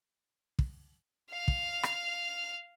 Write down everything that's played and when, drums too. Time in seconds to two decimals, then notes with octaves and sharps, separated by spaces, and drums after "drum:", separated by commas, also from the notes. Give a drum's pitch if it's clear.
0.59 drum: kick
1.30 F5 F6
1.48 drum: kick
1.83 drum: rim click